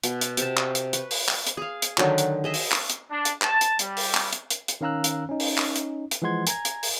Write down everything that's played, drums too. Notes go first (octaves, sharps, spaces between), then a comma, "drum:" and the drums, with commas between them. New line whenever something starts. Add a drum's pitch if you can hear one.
B2, drum: hi-hat
drum: hi-hat
C3 A5, drum: hi-hat
drum: clap
drum: hi-hat
B4 C#6, drum: hi-hat
drum: open hi-hat
drum: clap
drum: hi-hat
G#4 F5
drum: hi-hat
D3 D#3 F#3, drum: clap
drum: hi-hat
G#4 D#5 E5
drum: open hi-hat
drum: clap
drum: hi-hat
D4
drum: hi-hat
A5, drum: clap
drum: hi-hat
G3, drum: hi-hat
drum: open hi-hat
drum: clap
drum: hi-hat
drum: hi-hat
drum: hi-hat
D#3 C#4 F5 A#5 E6 F#6
drum: hi-hat
C#4 D#4
drum: open hi-hat
drum: clap
drum: hi-hat
drum: hi-hat
E3 F3 G#3 F#5 C6 G#6
G#5 A#5 G#6, drum: hi-hat
drum: hi-hat
drum: open hi-hat